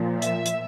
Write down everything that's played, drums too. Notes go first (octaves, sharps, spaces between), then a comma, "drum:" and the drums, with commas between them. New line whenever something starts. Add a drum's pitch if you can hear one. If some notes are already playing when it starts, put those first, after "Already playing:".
Already playing: A#2 F3
E5, drum: hi-hat
drum: hi-hat